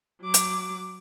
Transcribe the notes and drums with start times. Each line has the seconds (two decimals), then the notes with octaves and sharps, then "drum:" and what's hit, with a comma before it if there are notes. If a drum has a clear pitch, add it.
0.22 F#3 D6
0.34 drum: hi-hat